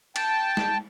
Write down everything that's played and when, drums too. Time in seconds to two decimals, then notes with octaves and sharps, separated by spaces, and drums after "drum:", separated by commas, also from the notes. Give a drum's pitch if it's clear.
0.16 G5 A5, drum: cymbal
0.57 drum: snare